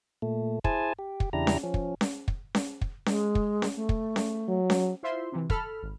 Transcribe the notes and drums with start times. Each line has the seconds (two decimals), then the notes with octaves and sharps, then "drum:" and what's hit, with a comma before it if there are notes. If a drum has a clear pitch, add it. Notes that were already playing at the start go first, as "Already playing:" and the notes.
0.22 A#2 A3
0.64 E4 G#4 C5 G#5 A5, drum: kick
0.99 G4
1.20 drum: kick
1.33 E2 C#3 D4 E4 G4 A#5
1.47 drum: snare C#4
1.63 F3 C#4
1.74 drum: kick
2.01 drum: snare C#4
2.28 drum: kick
2.55 drum: snare C#4
2.81 drum: kick
3.06 G#3, drum: snare C#4
3.35 drum: kick
3.62 drum: snare C#4
3.76 A3
3.89 drum: kick
4.16 drum: snare C#4
4.49 F#3
4.70 drum: snare C#4
5.03 E4 F4 C5 E5 C6
5.32 C3 E3
5.50 A4 B5 F6, drum: kick
5.83 G#1